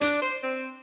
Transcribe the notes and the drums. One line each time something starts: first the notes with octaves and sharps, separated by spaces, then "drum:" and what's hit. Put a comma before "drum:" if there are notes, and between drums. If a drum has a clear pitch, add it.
D4, drum: hi-hat
C5
C4